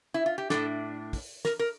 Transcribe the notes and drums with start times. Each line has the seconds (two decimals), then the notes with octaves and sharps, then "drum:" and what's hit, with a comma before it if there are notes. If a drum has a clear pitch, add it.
0.14 E4
0.26 F4
0.38 G4
0.50 A2 G3 D4 A4, drum: snare
1.13 drum: kick, open hi-hat
1.45 A#4, drum: snare
1.59 A#4